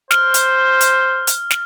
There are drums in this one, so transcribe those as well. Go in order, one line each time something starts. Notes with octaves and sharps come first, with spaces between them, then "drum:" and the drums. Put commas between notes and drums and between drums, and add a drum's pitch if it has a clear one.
C5 F6, drum: snare
drum: hi-hat
drum: hi-hat
drum: hi-hat
drum: snare